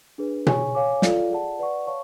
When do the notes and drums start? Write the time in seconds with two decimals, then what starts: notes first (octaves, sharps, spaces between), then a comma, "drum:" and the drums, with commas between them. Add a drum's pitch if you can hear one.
0.18 D4 G#4 B4
0.47 G#4 C#5 G#5 C#6, drum: tom B2
0.75 C#5 F5 G#5 D6
1.02 F4 A4 D5 F5, drum: snare
1.30 G#4 D5 F#5 A5
1.59 B4 D5 F#5 C#6
1.87 C#5 F5 A5 C#6